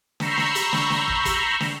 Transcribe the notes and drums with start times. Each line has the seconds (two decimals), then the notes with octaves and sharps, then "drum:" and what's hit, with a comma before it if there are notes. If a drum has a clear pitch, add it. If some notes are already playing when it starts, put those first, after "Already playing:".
0.20 A#5 B5 C#6 E6 G6 C7, drum: snare
0.37 drum: snare
0.55 drum: hi-hat
0.73 drum: snare
0.90 drum: snare
1.08 drum: kick
1.25 drum: kick, hi-hat
1.60 drum: snare